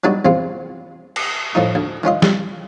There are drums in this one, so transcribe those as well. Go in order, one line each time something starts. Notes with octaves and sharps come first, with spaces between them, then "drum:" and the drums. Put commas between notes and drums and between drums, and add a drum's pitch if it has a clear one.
F#3 G3 B3 D4 D#4 F#4
E2 C3 C4 F4
drum: cymbal
A2 F3 D#4
D2
D#3 C#4 F4 D#5
G3, drum: snare